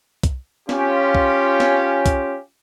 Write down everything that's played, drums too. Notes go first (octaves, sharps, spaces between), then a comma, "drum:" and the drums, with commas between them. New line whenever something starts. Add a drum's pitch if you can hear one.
drum: kick, hi-hat
C#4 F4 G4, drum: snare
drum: kick
drum: snare
drum: kick, hi-hat